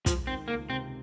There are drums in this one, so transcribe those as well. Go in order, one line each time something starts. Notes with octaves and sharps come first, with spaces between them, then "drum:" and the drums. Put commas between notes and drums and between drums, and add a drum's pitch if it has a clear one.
F3 G#3, drum: kick, hi-hat
D#3 C4
C#2 A#3
C3 C4